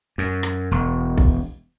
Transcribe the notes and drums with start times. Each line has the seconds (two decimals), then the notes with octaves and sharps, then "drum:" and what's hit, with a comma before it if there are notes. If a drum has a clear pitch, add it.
0.18 F#2
0.43 drum: rim click
0.71 E1
1.17 drum: kick B1